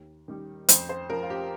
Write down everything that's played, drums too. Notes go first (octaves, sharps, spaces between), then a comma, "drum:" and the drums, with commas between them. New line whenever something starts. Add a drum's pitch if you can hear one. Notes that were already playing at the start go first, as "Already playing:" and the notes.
Already playing: D#2
D#3 G3
F2 C5, drum: hi-hat
C5
F3 A#4
F4
G4